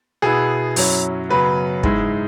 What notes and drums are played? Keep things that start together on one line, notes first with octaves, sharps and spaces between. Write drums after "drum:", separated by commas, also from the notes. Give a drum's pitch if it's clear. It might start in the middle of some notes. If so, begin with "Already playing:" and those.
B2 B3 E4 G#4
F#2 F#3 C#4 E4, drum: open hi-hat
F#2 C#3 F#3 B3 B4
G#2 G#3 E4, drum: kick